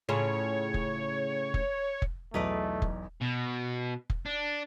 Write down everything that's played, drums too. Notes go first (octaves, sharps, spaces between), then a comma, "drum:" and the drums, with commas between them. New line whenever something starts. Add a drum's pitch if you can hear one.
A2 C#3 F4 C#5
drum: kick F1
drum: kick F1
drum: kick F1
B1 E2 A3 D#4 B4 D5
drum: kick F1
B2
drum: kick F1
D4